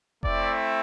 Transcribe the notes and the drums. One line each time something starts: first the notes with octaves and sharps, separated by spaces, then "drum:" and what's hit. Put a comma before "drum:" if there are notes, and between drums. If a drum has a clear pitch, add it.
A3 C4 E4 D5, drum: kick F1